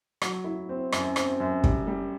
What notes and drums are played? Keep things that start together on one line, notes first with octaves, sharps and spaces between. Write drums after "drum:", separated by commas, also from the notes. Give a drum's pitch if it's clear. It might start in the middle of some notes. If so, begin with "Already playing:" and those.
F#3, drum: rim click
E4
C4
F#2, drum: rim click
C4, drum: rim click
F#2
G3, drum: kick
G3